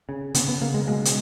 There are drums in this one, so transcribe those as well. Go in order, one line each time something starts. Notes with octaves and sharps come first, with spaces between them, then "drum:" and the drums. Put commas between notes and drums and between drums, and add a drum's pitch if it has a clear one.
C#3
C#3 B3, drum: hi-hat
B3
C#3 A#3
G#3
B2 G#3
drum: hi-hat